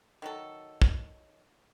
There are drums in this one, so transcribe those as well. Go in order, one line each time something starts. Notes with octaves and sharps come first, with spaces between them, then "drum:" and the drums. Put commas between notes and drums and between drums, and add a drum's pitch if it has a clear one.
D#3 F#3 A4
drum: kick